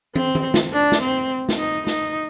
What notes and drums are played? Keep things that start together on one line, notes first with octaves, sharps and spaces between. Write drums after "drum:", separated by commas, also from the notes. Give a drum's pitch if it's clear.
C4, drum: tom
drum: tom D#3
drum: snare
D4
drum: snare
C4
drum: snare
D#4
D#4, drum: snare